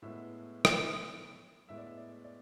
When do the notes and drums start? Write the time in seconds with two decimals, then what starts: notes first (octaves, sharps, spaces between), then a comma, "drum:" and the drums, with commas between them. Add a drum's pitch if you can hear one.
0.02 A2 G#3 B3 E5
0.65 drum: rim click
1.69 A2 G#3 B3 E5
1.78 D5
1.87 E5
1.97 D5
2.24 D5